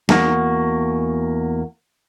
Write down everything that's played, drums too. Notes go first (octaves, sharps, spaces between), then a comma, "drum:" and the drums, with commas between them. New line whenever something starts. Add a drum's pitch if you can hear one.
E2 A#3 F#4, drum: snare